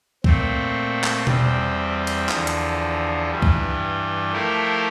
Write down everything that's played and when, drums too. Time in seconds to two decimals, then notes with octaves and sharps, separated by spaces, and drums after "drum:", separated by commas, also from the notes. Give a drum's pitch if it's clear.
0.24 A#2 A3 C4, drum: kick C#2
1.04 drum: clap
1.27 E2 E3 G3 C4, drum: tom B2
2.07 drum: hi-hat
2.29 E2 D3 F3, drum: clap
2.47 drum: hi-hat
3.30 G2 E3 G3
3.42 drum: kick C#2
4.33 F3 A3 E4 G4 A#4